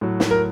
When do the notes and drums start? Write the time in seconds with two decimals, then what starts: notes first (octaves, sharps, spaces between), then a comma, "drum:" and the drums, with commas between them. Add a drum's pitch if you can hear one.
0.01 A2 F#3
0.20 drum: snare
0.31 A#4